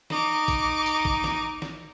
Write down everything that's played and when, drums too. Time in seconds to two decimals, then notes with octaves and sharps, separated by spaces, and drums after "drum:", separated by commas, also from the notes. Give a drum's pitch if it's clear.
0.10 D#4 D6, drum: snare
0.48 drum: kick A1, tambourine
0.86 drum: tambourine
1.05 drum: kick A1
1.24 drum: snare
1.62 drum: snare